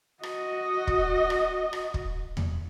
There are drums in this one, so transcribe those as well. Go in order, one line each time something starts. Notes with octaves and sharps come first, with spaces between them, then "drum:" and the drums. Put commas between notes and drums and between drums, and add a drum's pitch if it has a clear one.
F#4 D#5, drum: rim click
drum: kick
drum: rim click
drum: rim click
drum: kick
drum: tom E2